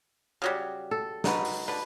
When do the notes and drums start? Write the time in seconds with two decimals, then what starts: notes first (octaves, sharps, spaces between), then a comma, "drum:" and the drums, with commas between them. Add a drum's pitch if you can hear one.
0.42 C#3 F#3 G3
0.91 A4
1.24 D#4 F#4 B4, drum: snare
1.45 drum: open hi-hat
1.68 D3 B4